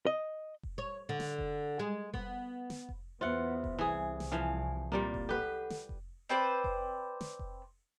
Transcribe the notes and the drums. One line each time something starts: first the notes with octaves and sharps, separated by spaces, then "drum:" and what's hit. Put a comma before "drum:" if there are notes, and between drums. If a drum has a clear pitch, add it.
D#5
drum: kick F1
C#5
D3
drum: snare
drum: kick F1
G#3
B3, drum: kick F1
drum: snare
drum: kick F1
E2 B3 F4 C5 E5 F#5
drum: kick F1
C2 E3 G#4
drum: snare
E3 F3 F5 G#5
A#2 G3 A#3 C4 A6
drum: kick F1
G4 A4 B4 F#5
drum: snare
drum: kick F1
C4 B4 C5 D5
drum: kick F1
drum: snare
drum: kick F1